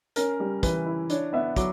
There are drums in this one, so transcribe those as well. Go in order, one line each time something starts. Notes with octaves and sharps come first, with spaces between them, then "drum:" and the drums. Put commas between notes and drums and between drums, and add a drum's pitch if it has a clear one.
C#4 A#4, drum: hi-hat
G3
E3 B4, drum: kick, hi-hat
E4
D4 C#5, drum: hi-hat
B3 E5
F#3 D6, drum: kick, hi-hat